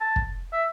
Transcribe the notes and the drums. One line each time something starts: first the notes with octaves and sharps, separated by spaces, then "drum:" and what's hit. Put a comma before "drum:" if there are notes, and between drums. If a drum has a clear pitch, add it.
A5
drum: kick
E5